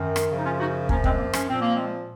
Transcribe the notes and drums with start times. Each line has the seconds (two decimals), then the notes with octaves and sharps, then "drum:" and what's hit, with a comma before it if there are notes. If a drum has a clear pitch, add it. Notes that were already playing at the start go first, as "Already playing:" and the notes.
Already playing: F#2 D#3
0.16 drum: rim click
0.30 F#2 C#3 F3
0.36 D#4
0.45 C#4 F4
0.60 D#4 F#4
0.89 F#2 F3 A#3 C#4, drum: kick
1.04 G#3 C4, drum: kick
1.19 A#3
1.33 C#4, drum: rim click
1.47 A#2 F3 C4
1.61 A#3
1.74 G#3 C4